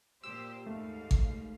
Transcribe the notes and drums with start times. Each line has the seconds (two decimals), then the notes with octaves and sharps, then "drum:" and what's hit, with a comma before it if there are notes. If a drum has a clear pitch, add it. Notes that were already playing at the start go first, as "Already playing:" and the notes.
0.24 A#2 G4 C5 E6
0.67 D#2 G#2 A3 F5
1.11 drum: kick G#1